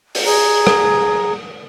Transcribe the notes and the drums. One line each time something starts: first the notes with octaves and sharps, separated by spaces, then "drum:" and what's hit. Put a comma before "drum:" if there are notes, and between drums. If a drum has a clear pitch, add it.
drum: open hi-hat
G#4 A#5
drum: rim click